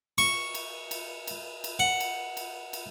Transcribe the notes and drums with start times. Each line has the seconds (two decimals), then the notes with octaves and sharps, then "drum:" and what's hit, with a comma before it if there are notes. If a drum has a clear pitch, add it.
0.18 C#6, drum: cymbal
0.55 drum: cymbal
0.91 drum: cymbal
1.27 drum: cymbal
1.64 drum: cymbal
1.79 F#5
2.00 drum: cymbal
2.37 drum: cymbal
2.73 drum: cymbal